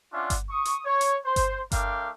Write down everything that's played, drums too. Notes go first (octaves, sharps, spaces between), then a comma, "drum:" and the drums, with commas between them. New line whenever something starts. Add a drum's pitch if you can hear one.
C#4 D4 F4 D5 E5 F#5
drum: kick G1, hi-hat
C#6 D#6
drum: hi-hat
C#5
drum: hi-hat
C5
drum: kick G1, hi-hat
A3 D4 A#4 F5 G5 D6, drum: kick G1, hi-hat